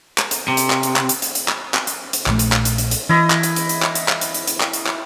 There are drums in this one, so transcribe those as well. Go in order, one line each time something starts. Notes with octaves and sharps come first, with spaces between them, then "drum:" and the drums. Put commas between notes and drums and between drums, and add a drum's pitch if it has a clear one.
drum: clap
drum: hi-hat
C3
drum: hi-hat
drum: clap
drum: hi-hat
drum: clap
drum: hi-hat
drum: hi-hat
drum: hi-hat
drum: clap
drum: clap
drum: hi-hat
drum: hi-hat
A#1 A#2 A3, drum: clap
drum: hi-hat
drum: clap
drum: hi-hat
drum: hi-hat
drum: hi-hat
E3 E4 D#5
drum: clap
drum: hi-hat
drum: hi-hat
drum: hi-hat
drum: clap
drum: hi-hat
drum: clap
drum: hi-hat
drum: hi-hat
drum: hi-hat
drum: clap
drum: hi-hat
drum: clap